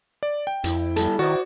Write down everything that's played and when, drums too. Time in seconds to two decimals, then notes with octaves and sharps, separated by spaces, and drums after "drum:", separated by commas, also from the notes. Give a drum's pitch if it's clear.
0.23 D5
0.47 G5
0.64 F2 E4, drum: hi-hat
0.96 G3 A4, drum: hi-hat
1.19 D#3 F#4 C5 D5